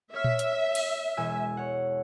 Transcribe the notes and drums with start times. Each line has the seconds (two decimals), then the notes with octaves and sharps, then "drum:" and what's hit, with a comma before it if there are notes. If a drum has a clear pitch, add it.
0.14 C#5 E5 F6
0.24 drum: tom A#2
0.39 drum: hi-hat
0.75 drum: cymbal
1.17 E1 G#5 E6
1.57 C#5 F#5